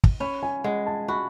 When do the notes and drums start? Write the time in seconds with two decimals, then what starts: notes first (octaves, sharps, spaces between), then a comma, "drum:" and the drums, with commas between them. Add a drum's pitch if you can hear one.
0.04 drum: kick
0.20 C#4 B5
0.43 G#5
0.64 G#3 F#5
0.86 A5
1.08 F#4 B5